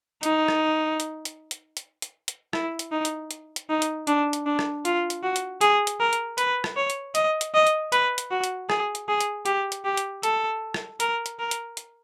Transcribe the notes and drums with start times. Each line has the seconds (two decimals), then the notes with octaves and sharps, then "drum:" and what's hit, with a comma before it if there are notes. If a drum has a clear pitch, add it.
0.23 D#4, drum: hi-hat
0.48 drum: rim click
1.00 drum: hi-hat
1.25 drum: hi-hat
1.51 drum: hi-hat
1.77 drum: hi-hat
2.02 drum: hi-hat
2.28 drum: hi-hat
2.53 E4, drum: rim click
2.79 drum: hi-hat
2.92 D#4
3.05 drum: hi-hat
3.31 drum: hi-hat
3.56 drum: hi-hat
3.70 D#4
3.82 drum: hi-hat
4.07 D4, drum: hi-hat
4.33 drum: hi-hat
4.46 D4
4.59 drum: rim click
4.85 F4, drum: hi-hat
5.10 drum: hi-hat
5.23 F#4
5.36 drum: hi-hat
5.61 G#4, drum: hi-hat
5.87 drum: hi-hat
6.00 A#4
6.13 drum: hi-hat
6.38 B4, drum: hi-hat
6.64 drum: rim click
6.77 C#5
6.90 drum: hi-hat
7.15 D#5, drum: hi-hat
7.41 drum: hi-hat
7.54 D#5
7.67 drum: hi-hat
7.92 B4, drum: hi-hat
8.18 drum: hi-hat
8.31 F#4
8.44 drum: hi-hat
8.70 G#4, drum: rim click
8.95 drum: hi-hat
9.08 G#4
9.21 drum: hi-hat
9.46 G4, drum: hi-hat
9.72 drum: hi-hat
9.85 G4
9.97 drum: hi-hat
10.23 A4, drum: hi-hat
10.74 drum: rim click
11.00 A#4, drum: hi-hat
11.26 drum: hi-hat
11.39 A#4
11.51 drum: hi-hat
11.77 drum: hi-hat